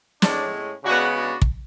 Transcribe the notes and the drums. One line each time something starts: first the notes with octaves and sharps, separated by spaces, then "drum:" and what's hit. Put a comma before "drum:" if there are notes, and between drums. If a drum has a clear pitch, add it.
A2 G#3 C#4 D4, drum: snare
C#3 G#3 B3 D4 F#4
D4 F#4
drum: kick